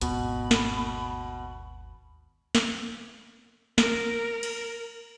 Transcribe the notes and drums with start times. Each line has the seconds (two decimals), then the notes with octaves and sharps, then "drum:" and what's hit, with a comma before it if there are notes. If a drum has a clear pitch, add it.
0.01 G#1 D#2 B2 B5, drum: hi-hat
0.51 drum: snare
2.55 drum: snare
3.78 A#4, drum: snare
4.43 drum: cymbal